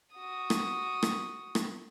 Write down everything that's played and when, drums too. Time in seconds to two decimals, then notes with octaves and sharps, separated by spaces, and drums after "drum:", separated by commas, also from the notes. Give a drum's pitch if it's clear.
0.15 F#4 D#6
0.50 drum: rim click
1.03 drum: rim click
1.55 drum: rim click